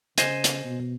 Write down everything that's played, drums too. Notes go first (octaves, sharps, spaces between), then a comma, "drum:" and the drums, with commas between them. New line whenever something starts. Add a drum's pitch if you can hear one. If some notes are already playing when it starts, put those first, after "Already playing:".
C#3 C5 D#5 G#5, drum: hi-hat
drum: hi-hat
B2